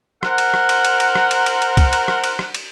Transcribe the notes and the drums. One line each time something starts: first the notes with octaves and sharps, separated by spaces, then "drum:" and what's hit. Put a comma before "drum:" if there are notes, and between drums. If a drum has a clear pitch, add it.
A#4 C5 F#5, drum: rim click
drum: cymbal
drum: rim click
drum: cymbal
drum: cymbal
drum: cymbal
drum: rim click
drum: cymbal
drum: cymbal
drum: cymbal
drum: kick, cymbal
drum: cymbal
drum: rim click
drum: cymbal
drum: rim click
drum: cymbal